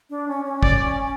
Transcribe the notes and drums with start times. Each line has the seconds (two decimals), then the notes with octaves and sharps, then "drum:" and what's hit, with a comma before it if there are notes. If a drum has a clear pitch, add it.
0.10 D4
0.28 C#4
0.45 C#4
0.63 D5, drum: kick